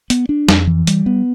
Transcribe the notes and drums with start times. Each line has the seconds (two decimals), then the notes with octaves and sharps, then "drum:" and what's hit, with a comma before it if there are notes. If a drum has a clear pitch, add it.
0.10 B3, drum: hi-hat
0.29 D4
0.49 F2, drum: snare
0.67 E3
0.87 G3, drum: hi-hat
1.06 B3